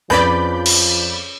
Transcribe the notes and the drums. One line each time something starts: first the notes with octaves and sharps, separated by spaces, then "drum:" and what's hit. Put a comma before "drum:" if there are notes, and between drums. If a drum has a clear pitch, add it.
F2 C#3 F3 B4 D5 B5 G6
drum: cymbal